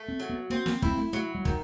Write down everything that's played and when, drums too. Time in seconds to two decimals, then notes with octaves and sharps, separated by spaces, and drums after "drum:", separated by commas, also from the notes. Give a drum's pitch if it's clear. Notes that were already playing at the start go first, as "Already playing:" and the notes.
Already playing: A3
0.08 C4
0.20 F#3
0.30 B3
0.50 A#3 C4
0.66 A#3, drum: snare
0.82 A3 E4, drum: kick
0.97 A3
1.13 F#3 A3
1.35 G3
1.45 D#3, drum: kick